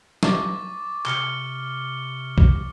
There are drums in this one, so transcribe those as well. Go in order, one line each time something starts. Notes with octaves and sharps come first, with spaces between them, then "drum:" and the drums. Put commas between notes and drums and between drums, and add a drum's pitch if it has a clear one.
C#6 D6 A6, drum: snare
C3 F6 C#7 G7, drum: clap
drum: kick B1